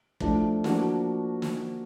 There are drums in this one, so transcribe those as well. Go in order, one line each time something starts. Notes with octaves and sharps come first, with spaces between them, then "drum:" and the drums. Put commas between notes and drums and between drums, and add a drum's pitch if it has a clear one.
F3 A3 D4 F4, drum: kick
F3 A#3 D4 F#4, drum: snare
drum: snare